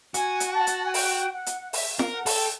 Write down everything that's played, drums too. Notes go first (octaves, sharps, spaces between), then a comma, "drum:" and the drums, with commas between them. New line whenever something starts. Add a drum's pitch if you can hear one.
F#4 G#5, drum: hi-hat
drum: hi-hat
A5
drum: hi-hat
G#5
G5, drum: open hi-hat
F#5
drum: hi-hat
E5, drum: open hi-hat
F5
A#4, drum: snare
F#5
A4, drum: open hi-hat
G5